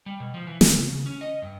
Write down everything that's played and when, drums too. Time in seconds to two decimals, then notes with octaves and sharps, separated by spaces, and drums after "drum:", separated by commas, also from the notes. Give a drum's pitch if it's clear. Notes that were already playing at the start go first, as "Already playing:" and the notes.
0.06 G3
0.20 B2
0.34 F3
0.47 E3
0.61 G#4, drum: snare
0.75 C#3
0.91 C#3
1.06 C#4
1.21 D#5
1.42 G2